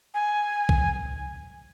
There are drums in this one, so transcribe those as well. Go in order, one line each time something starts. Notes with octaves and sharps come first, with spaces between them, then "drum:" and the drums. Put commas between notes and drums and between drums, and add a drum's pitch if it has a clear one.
G#5
drum: kick B1